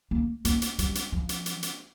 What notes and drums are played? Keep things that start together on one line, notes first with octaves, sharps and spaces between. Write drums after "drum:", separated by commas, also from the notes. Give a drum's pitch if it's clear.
A#3
A#3, drum: hi-hat
drum: hi-hat
G3, drum: hi-hat
drum: hi-hat
F3
drum: hi-hat
drum: hi-hat
drum: hi-hat